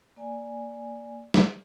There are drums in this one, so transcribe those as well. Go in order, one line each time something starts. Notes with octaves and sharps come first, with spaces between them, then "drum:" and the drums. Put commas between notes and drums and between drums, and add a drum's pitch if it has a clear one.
A#3 D5 G#5
drum: snare